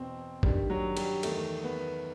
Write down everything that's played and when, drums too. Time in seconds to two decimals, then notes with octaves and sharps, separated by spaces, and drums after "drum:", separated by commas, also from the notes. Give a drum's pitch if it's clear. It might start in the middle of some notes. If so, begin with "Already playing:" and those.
Already playing: E2 B2 C4
0.43 G2 D#3 G3, drum: kick G#1
0.70 F#3
0.97 G3, drum: cymbal
1.23 E2 D#3 A3, drum: cymbal
1.64 B3